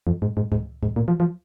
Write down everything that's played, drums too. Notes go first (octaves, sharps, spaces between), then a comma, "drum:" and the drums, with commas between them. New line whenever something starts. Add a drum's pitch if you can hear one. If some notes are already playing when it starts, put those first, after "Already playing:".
F2
G#2
G#2
G#2, drum: kick C#2
G#2, drum: kick C#2
A#2
F3
F3